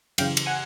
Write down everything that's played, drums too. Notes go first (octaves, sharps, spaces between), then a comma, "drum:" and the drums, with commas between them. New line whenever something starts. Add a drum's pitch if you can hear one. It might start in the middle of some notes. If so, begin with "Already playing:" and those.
F#2 C#3 E3 F5 G5, drum: cymbal
drum: cymbal
F#5 G#5